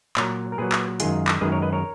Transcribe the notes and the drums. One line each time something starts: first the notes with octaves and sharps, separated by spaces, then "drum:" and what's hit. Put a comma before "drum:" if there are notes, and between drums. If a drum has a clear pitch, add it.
A#2 F#3 A#4 C#5, drum: clap
A#4
A#2 F#3 G#4 B4
drum: clap
F#2 D#3 G#3 F4 G#4, drum: hi-hat
drum: clap
F#2 D#3 G#3 G#4 B4
A#4 C#5
B4 D#5
A#4 C#5